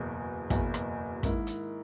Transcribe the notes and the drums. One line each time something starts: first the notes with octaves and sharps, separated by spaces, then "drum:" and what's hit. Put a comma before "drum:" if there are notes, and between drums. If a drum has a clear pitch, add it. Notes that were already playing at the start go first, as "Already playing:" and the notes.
Already playing: F#1 E2 B2
F#1 E2 B2, drum: kick, hi-hat
drum: rim click
G#2 D#3 A#3 E4, drum: kick, hi-hat
drum: hi-hat